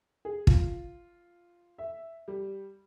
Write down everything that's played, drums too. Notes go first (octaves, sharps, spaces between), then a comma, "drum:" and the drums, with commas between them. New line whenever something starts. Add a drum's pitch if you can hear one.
G#4
F4, drum: kick
E5
G3